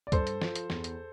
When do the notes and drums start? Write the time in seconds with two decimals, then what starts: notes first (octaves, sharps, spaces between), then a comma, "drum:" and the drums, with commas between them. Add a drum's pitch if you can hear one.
0.07 D5
0.12 G2 A4 C5, drum: kick, hi-hat
0.27 drum: hi-hat
0.42 F3, drum: snare
0.55 drum: hi-hat
0.70 E2, drum: snare
0.84 drum: hi-hat